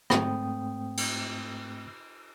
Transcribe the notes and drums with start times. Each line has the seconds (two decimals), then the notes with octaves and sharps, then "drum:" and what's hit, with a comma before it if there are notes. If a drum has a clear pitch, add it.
0.10 G#2 A3 C4 G5 D#6, drum: rim click
0.97 drum: cymbal